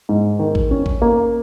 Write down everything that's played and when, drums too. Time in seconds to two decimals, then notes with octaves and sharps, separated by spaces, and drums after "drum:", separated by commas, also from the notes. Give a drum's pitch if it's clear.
0.09 G#2
0.39 D#3
0.55 drum: kick A1
0.71 C#4
0.86 drum: kick A1
1.02 A#3